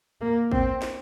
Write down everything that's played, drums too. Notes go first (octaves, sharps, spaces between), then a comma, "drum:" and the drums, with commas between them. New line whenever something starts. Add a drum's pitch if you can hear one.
A#3
C4, drum: kick
drum: snare